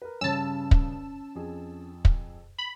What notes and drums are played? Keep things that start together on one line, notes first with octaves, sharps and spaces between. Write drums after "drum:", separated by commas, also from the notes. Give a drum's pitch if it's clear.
A#4 B4
G2 C#3 C#4 A5 E6
drum: kick
F2 G#4
drum: kick
B5